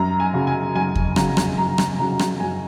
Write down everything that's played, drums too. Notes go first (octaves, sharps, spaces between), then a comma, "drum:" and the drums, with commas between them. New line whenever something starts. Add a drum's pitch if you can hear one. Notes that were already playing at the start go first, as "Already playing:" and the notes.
Already playing: F#2 A#5
G#5
C#3 F#3
G#5
F#2 G#5
drum: kick E2
C#3 F#3 A#5, drum: rim click
drum: rim click
F#2 A#5
drum: rim click
C#3 F#3 A#5
drum: rim click
F#2 G#5